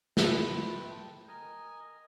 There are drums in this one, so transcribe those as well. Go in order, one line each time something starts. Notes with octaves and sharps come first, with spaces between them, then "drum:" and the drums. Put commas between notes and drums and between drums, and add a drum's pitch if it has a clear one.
A3 C4 B4 G5 A5, drum: snare
A#4 D#5 G#5